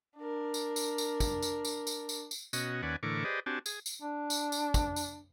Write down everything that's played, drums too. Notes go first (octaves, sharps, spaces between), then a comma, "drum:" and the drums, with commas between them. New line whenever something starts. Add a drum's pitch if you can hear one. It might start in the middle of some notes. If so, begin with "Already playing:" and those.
D4 A#4
drum: tambourine
drum: tambourine
drum: tambourine
drum: kick, tambourine
drum: tambourine
drum: tambourine
drum: tambourine
drum: tambourine
drum: tambourine
B2 C#4 F#4 D#5, drum: tambourine
D#2 C#4 B4 D5 F#5 G#5
A2 D3 E3 A#4 C#6 D6
G4 G#4 B4 C5 D5 D#5
C4 D4 F#4 G4 G#5 A5
G#4, drum: tambourine
drum: tambourine
D4
drum: tambourine
drum: tambourine
drum: kick, tambourine
drum: tambourine